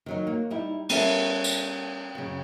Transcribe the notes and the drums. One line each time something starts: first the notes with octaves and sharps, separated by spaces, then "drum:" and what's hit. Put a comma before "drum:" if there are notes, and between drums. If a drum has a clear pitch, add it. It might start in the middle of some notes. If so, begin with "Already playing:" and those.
D#3 F#3 D#4
A#3
G3 D#4 E4
G3 B3 C#4 A4 A#4 E5, drum: cymbal
drum: tambourine
F#2 C#3